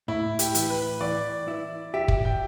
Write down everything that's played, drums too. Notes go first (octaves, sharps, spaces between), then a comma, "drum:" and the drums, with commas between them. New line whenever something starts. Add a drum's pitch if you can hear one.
A2 E4
G4, drum: hi-hat
E3, drum: hi-hat
B4
E3 D5
E4
G4 E5
drum: kick
G5